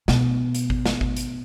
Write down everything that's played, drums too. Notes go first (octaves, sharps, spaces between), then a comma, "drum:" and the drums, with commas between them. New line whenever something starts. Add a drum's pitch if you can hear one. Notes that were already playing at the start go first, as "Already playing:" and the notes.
B2, drum: snare
drum: hi-hat
drum: kick G#1
drum: snare
drum: kick G#1
drum: hi-hat